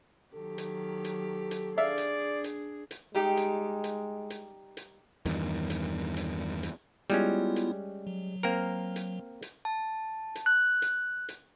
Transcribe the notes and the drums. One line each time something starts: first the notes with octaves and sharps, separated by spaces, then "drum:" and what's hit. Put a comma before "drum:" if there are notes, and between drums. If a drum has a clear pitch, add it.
D#3 F#3 G4 A4
drum: hi-hat
drum: hi-hat
drum: hi-hat
D4 G#4 D5 E5 F5
drum: hi-hat
drum: hi-hat
drum: hi-hat
G3 G#3 D#4 G4
drum: hi-hat
drum: hi-hat
drum: hi-hat
drum: hi-hat
E2 G2 D#3, drum: hi-hat
drum: hi-hat
drum: hi-hat
drum: hi-hat
G3 G#3 B3 C#4 E4 F4, drum: hi-hat
drum: hi-hat
F#3
A#3 C4 A#4
drum: hi-hat
drum: hi-hat
A5
drum: hi-hat
F#6
drum: hi-hat
drum: hi-hat